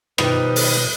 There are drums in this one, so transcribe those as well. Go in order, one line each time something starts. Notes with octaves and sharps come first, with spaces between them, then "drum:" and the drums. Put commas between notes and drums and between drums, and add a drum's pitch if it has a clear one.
B2 D#3 F3 G3 D#4 G4 B4, drum: rim click
drum: open hi-hat